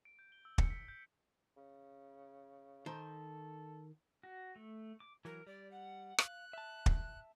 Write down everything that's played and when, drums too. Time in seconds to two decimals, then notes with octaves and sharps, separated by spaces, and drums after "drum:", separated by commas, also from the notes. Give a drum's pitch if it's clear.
0.05 D7
0.19 G6
0.32 G7
0.45 E6
0.58 C#7, drum: kick
0.70 B6
0.88 G6
1.57 C#3
2.86 D#3 A4 C5
4.23 F#4
4.56 A3
5.00 D6
5.25 E3 F#3 A#4
5.47 G3 D5
5.71 F#5
6.18 F5 F#6, drum: rim click
6.53 E5 A5
6.86 drum: kick